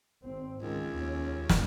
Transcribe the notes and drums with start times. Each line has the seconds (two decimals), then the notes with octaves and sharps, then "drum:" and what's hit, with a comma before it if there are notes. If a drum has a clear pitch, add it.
0.22 G#1 C4
0.62 C#2 D#3 G#3
0.96 D#2 C#4
1.49 drum: snare